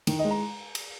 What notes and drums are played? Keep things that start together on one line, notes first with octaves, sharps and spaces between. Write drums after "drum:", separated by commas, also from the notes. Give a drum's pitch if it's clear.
D#3, drum: cymbal
D#5
G#3
A#5
drum: cymbal